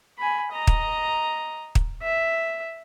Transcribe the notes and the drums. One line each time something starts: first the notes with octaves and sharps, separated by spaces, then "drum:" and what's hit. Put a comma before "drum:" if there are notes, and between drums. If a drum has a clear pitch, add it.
G#5 B5
D#5 A#5
drum: kick
drum: kick
E5